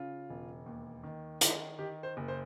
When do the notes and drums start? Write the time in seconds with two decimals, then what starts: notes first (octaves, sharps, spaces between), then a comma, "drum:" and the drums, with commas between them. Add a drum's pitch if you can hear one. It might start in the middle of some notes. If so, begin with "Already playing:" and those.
Already playing: C#3 F4
0.30 E1
0.66 D#2
1.03 D#3
1.41 D#3, drum: hi-hat
1.79 D#3 G4
2.03 C5
2.17 F#1
2.28 C5